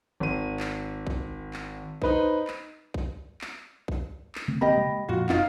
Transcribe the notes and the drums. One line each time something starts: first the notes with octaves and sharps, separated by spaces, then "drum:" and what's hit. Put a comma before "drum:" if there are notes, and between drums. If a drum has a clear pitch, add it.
G#1 D#7
drum: clap
drum: kick A#1
drum: clap
D#4 B4 C5 D#5, drum: kick A#1
drum: clap
drum: kick A#1
drum: clap
drum: kick A#1
drum: clap
C#3 A3 C4
A#1 A#3 C4 G4 D#5 B5
C#3 G#3 A#3
F2 A#2 F4 F#4
F#1 D#4 F4 F5, drum: clap